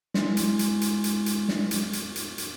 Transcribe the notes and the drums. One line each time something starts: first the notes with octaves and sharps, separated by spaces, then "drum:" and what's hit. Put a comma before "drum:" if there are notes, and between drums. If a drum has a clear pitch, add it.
G#3 E4 C6, drum: snare
drum: hi-hat
drum: hi-hat
drum: hi-hat
drum: hi-hat
drum: hi-hat
drum: snare
drum: hi-hat
drum: hi-hat
drum: hi-hat
drum: hi-hat